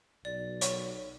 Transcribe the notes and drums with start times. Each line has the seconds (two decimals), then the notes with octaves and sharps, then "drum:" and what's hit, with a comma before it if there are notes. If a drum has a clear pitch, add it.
0.25 B1 D5
0.61 C#5 C#6, drum: hi-hat